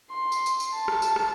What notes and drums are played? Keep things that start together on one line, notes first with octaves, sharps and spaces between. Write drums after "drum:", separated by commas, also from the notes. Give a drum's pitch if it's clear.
C6
drum: tambourine
drum: tambourine
drum: tambourine
A5
drum: rim click
drum: tambourine
drum: rim click